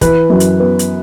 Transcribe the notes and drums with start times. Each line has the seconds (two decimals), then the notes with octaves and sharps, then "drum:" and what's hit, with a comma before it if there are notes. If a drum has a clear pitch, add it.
0.01 E3 B4, drum: kick, hi-hat
0.30 F#2
0.40 drum: hi-hat
0.60 B3
0.79 drum: hi-hat